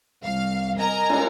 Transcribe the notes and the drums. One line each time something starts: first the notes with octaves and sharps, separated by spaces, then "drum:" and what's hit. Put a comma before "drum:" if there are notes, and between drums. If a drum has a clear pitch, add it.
C2 F5
A#4 D#5 G#5 A#5
drum: cymbal